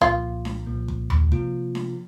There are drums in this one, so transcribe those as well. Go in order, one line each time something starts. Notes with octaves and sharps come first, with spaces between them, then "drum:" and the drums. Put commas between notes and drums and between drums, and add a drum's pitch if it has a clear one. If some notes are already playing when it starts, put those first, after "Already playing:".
C2 A#2 F3 A#3 F4, drum: kick
drum: snare D4
C2 A#2 F3 A#3
drum: kick
drum: tom D#2
C3 F3 A#3 F4, drum: kick
drum: snare D4